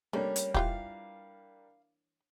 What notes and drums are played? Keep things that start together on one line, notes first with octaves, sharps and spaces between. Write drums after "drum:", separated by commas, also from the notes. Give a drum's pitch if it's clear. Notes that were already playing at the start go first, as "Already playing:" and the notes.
G3 A3 A#3 C#4 D4
drum: hi-hat
E3 F4 G4 F5, drum: kick